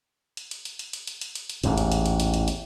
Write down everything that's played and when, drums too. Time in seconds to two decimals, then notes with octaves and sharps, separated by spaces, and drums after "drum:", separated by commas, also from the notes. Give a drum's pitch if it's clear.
0.37 drum: hi-hat
0.51 drum: hi-hat
0.65 drum: hi-hat
0.79 drum: hi-hat
0.93 drum: hi-hat
1.07 drum: hi-hat
1.21 drum: hi-hat
1.35 drum: hi-hat
1.49 drum: hi-hat
1.64 A1 E2 G#2, drum: hi-hat
1.78 drum: hi-hat
1.92 drum: hi-hat
2.06 drum: hi-hat
2.20 drum: hi-hat
2.34 drum: hi-hat
2.48 drum: hi-hat